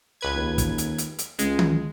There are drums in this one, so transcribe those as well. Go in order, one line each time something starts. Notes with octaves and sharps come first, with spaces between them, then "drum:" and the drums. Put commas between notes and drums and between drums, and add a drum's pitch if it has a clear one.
C#2 B4 G#6
D#2
drum: kick, hi-hat
drum: hi-hat
drum: hi-hat
drum: hi-hat
C#2 G#3, drum: hi-hat
drum: tom D#3